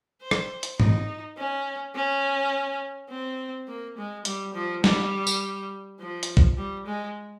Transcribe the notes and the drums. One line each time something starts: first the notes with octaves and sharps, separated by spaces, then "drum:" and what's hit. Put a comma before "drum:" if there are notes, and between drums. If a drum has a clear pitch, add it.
C5
drum: rim click
drum: hi-hat
D#4, drum: tom G#2
C#4
C#4
C4
A#3
G#3
G3, drum: hi-hat
F3
G3, drum: snare
drum: tambourine
F3
drum: hi-hat
drum: kick
G3
G#3